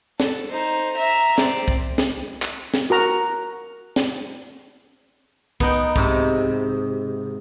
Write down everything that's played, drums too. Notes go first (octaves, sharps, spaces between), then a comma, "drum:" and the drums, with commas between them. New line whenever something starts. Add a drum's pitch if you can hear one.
A4, drum: snare
D#4 C5
E5 A#5
C4 D5, drum: snare
drum: kick
drum: snare
drum: clap
drum: snare
F#4 A#4 A#5
drum: snare
B3 D#4 G5, drum: kick
G#2 C3, drum: kick